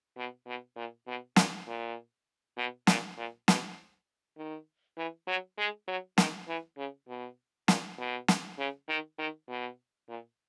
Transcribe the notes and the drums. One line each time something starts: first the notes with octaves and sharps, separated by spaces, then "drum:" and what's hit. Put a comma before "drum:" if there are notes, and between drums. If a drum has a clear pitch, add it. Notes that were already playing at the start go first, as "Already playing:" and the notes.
B2
B2
A#2
B2
A#2, drum: snare
A#2
B2
A#2, drum: snare
A#2
B2, drum: snare
D#3
E3
F#3
G#3
F#3
D#3, drum: snare
E3
C#3
B2
A#2, drum: snare
B2
drum: snare
C#3
D#3
D#3
B2
A#2